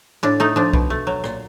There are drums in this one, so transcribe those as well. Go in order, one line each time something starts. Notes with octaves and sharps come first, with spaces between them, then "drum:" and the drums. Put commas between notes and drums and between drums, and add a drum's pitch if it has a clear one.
A2 D4
A3 D#4
F3 D4
B2, drum: kick B1
A3
F#3
A#2, drum: rim click